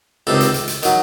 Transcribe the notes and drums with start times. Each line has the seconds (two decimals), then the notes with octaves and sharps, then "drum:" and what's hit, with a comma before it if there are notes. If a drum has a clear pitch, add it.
0.27 C#2 C3 D#3 A4
0.40 drum: hi-hat
0.54 drum: hi-hat
0.68 drum: hi-hat
0.83 D#3 F#3, drum: hi-hat